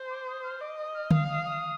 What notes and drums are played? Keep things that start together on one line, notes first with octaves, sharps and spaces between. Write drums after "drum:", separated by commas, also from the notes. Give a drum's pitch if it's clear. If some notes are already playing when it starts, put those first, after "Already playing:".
Already playing: C5
D6
D#6
F6
D#5 D6
D#6
F6
F5 D#6, drum: tom D3
D#6
D#6